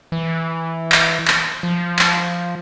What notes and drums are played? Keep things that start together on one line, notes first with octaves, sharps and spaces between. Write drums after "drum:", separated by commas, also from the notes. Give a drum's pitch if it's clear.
E3
drum: clap
drum: clap
F3
drum: clap